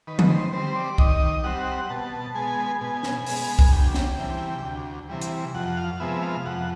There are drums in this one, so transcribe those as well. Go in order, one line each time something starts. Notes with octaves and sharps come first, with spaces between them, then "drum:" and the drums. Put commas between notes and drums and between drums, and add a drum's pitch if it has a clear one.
D#3 B4
drum: tom D3
C5
G3 C4 C5
D5
D#3 D#5, drum: kick C2
G3 C4 F#5
B2 A5
G#3 B3 G#5
B2 G#5
drum: snare
G#3 B3, drum: open hi-hat
drum: kick C2
D2 G5
drum: snare
C3 E3 G3
D2
C3 E3 G3
drum: hi-hat
F2 F#5
F5
C3 F3 G#3 B3 E5
F5
F2 F#5